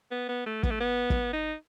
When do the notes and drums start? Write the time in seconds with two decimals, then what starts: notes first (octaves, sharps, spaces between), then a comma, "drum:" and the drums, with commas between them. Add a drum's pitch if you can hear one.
0.11 B3
0.29 B3
0.46 A3
0.63 B3, drum: kick
0.71 A3
0.80 B3
1.10 drum: kick
1.33 D#4